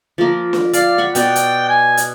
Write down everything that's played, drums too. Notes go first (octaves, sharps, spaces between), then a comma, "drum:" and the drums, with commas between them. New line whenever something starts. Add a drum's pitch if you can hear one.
F3 A#3
drum: snare
D5 F5, drum: hi-hat
F#5 B5 C#6
B2 F#4 D5 G5, drum: hi-hat
drum: hi-hat
G#5
drum: hi-hat